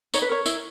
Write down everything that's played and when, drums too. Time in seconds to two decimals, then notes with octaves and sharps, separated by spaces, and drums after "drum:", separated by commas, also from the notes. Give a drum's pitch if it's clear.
0.14 D#4 C#5, drum: tambourine
0.22 B4
0.29 A#4 C#5
0.46 E4, drum: tambourine